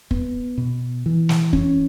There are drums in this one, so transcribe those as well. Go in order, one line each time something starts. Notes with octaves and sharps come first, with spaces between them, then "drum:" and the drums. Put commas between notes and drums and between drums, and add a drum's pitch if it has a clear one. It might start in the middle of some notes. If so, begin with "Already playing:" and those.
B3, drum: kick
B2
E3
drum: snare
C#4, drum: kick